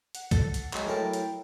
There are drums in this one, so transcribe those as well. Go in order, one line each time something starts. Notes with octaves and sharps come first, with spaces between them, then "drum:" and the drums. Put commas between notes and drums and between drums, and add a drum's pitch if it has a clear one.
F#5, drum: hi-hat
A4, drum: kick C2, hi-hat
drum: hi-hat
F#3 G#3 G5 C6, drum: clap
A2 F#3 E4 A4 A#4 A5
drum: hi-hat